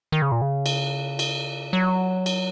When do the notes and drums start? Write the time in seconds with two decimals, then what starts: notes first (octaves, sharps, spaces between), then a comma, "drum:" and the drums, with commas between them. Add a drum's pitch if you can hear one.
0.12 D#3
0.22 C#3
0.32 A#2
0.42 C#3
0.66 drum: cymbal
1.19 drum: cymbal
1.73 F#3
2.26 drum: cymbal